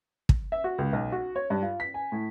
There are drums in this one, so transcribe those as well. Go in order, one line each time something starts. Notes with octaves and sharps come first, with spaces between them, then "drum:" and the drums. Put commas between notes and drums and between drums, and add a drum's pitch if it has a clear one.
drum: kick
E5
F#4
C#2
B1
F#4
C#5
G2
F4
B6
G#5
A2